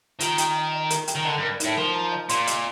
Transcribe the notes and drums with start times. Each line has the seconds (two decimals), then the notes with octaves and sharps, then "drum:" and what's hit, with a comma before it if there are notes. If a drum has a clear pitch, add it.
0.20 D#3 F4, drum: hi-hat
0.38 G5, drum: hi-hat
0.55 D#5
0.73 D#5
0.90 A#4, drum: hi-hat
1.08 G5, drum: hi-hat
1.15 D#3
1.25 D3 D#5
1.37 G2
1.43 A#4
1.60 A2 D#4, drum: hi-hat
1.77 F3 A#4
1.95 A#5
2.12 D#5
2.29 A#2 C6, drum: hi-hat
2.47 D#5, drum: hi-hat